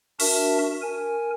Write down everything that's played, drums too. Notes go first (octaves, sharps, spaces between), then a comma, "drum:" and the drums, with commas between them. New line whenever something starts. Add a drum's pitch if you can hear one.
D4 F#4 A#4 E5 A5, drum: open hi-hat
A#4 G#5